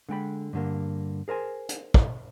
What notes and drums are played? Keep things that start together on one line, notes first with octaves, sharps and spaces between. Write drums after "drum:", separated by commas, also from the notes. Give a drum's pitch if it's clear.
D3 G#3 G5 B5
G2 D3 A#3
G#4 A#4 C5 G#5
drum: hi-hat
drum: kick